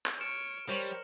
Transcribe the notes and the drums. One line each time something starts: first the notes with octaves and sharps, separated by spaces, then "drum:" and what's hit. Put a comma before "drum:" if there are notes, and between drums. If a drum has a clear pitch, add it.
drum: clap
C#5 F6 C#7 D7 E7
G3 A#4 C5 C#5 F#7